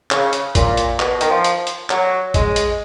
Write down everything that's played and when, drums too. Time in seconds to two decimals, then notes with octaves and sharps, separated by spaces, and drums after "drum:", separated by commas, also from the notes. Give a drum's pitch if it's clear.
0.11 C#3, drum: clap
0.33 drum: hi-hat
0.55 A#2, drum: kick A1, hi-hat
0.77 drum: hi-hat
1.00 B2, drum: clap
1.21 D#3, drum: hi-hat
1.29 F3
1.44 drum: hi-hat
1.67 drum: hi-hat
1.90 F#3, drum: clap
2.34 G#3, drum: kick A1, hi-hat
2.56 drum: hi-hat